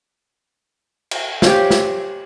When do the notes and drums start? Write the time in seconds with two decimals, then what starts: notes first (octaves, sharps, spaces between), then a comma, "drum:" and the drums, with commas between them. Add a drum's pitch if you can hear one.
1.11 drum: cymbal
1.42 G4 C5 C#5 F5, drum: snare
1.70 drum: snare